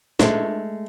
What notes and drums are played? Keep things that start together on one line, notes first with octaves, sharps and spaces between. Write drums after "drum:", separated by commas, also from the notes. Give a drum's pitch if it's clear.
A2 G#3 A3 C4, drum: snare